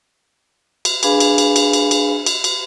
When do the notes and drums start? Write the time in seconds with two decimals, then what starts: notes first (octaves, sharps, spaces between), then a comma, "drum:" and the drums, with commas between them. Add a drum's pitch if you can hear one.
0.85 drum: cymbal
1.03 D4 G#4 B4 F5 G#5 B5, drum: cymbal
1.20 drum: cymbal
1.38 drum: cymbal
1.56 drum: cymbal
1.73 drum: cymbal
1.91 drum: cymbal
2.26 drum: cymbal
2.44 drum: cymbal